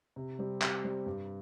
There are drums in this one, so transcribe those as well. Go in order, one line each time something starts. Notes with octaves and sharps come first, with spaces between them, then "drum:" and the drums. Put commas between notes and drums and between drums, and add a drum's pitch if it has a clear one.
C3
G3 C4 G4
C3, drum: clap
G3 C4 G4
G2